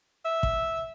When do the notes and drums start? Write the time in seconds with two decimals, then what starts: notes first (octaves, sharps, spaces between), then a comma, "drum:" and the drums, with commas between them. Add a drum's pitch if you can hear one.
0.25 E5
0.43 drum: kick